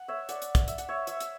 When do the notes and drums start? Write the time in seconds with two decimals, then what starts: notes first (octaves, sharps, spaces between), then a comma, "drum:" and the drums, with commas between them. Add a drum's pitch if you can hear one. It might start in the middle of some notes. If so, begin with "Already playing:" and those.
Already playing: F#5
0.08 C#5 E5
0.29 D5 F#5, drum: hi-hat
0.42 drum: hi-hat
0.55 drum: kick, hi-hat
0.68 E5, drum: hi-hat
0.78 F#5, drum: hi-hat
0.89 C#5 E5
1.07 C#5 E5, drum: hi-hat
1.20 drum: hi-hat